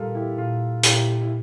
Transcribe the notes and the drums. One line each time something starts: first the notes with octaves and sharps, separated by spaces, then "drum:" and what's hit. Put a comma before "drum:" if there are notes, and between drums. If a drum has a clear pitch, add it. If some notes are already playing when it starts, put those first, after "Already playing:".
Already playing: A#2 G3 F4 G4 A4 A#4
E4 G4
A#2 F4
A#2 E4 G4, drum: hi-hat
E4